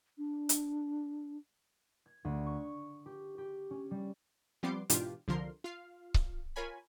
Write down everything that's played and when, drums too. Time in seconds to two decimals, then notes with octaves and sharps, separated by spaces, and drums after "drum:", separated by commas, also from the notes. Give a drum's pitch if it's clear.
0.18 D4
0.49 drum: hi-hat
2.06 G#6
2.25 D2
2.47 C#6
3.06 G4
3.38 G4
3.71 C#4
3.91 G3
4.63 F3 G3 B3 C4 C6 D6
4.90 G#2 B2 E3 D4 F4 G4, drum: hi-hat
5.28 C2 D3 F3 A#4 C6
5.64 F4 F5
6.14 drum: kick C#1
6.56 F4 A#4 C#5 G#5 B5